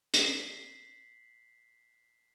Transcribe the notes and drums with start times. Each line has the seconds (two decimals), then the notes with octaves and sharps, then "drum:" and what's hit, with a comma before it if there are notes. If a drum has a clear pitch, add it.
0.14 B6 C7 F#7, drum: hi-hat